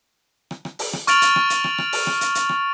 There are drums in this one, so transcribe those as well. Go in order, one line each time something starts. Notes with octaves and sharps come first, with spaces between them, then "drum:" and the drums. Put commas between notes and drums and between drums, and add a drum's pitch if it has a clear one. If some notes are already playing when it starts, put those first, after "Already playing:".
drum: rim click
drum: rim click
drum: open hi-hat
drum: rim click
C#6 F6 A6 D7 F7 F#7, drum: hi-hat
drum: hi-hat
drum: rim click
drum: hi-hat
drum: rim click
drum: rim click
drum: open hi-hat
drum: rim click
drum: hi-hat
drum: hi-hat
drum: rim click